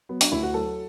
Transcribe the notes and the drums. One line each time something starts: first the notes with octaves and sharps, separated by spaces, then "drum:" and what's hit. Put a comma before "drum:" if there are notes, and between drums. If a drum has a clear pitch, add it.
F#3 B3
D4, drum: open hi-hat
D2 E4
F#4
F#3 A4